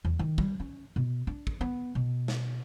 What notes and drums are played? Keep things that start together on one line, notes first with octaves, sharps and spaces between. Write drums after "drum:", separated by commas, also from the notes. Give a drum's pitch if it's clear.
E2
D#3
G3, drum: kick
C#4
B2
D4
drum: kick
B3
B2
drum: snare